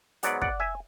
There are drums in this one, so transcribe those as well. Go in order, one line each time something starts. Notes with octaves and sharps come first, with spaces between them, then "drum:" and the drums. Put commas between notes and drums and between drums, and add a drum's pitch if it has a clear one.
G#2 F#3 B3 D5 F#5, drum: hi-hat
D5 F#5, drum: kick
E5 G#5